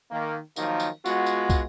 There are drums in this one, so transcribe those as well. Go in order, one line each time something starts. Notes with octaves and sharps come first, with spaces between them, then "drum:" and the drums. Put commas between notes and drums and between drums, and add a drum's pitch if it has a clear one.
D#3 A#3
D#3 F3 F#3 A#3 D#4, drum: tambourine
drum: tambourine
G#3 B3 F4 F#4, drum: tambourine
drum: tambourine
drum: kick, tambourine